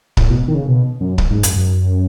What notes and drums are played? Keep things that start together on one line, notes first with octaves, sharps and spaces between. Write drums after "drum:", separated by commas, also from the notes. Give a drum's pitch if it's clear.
A2, drum: kick C#1
B2
D#3
C#3
B2
F#2
drum: kick C#1
G#2
F#2, drum: hi-hat
F#2